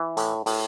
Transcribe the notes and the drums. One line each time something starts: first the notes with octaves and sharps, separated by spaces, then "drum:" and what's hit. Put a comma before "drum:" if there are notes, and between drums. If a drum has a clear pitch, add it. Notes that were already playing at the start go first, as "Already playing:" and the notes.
Already playing: E3
A2, drum: hi-hat
A2, drum: open hi-hat